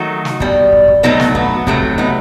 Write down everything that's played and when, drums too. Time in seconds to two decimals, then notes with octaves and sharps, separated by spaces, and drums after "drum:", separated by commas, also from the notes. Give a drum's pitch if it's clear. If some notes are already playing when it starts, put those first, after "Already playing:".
Already playing: D#3 F#3 A3 D#4 F#4
0.25 drum: snare
0.40 B2 G3, drum: kick
0.72 drum: kick
0.88 drum: kick
1.03 B2 F#3 A3 B3 D#4
1.20 drum: snare
1.35 B3, drum: kick
1.67 C3 F#3 A3, drum: kick
1.83 drum: kick
1.98 B3 D#4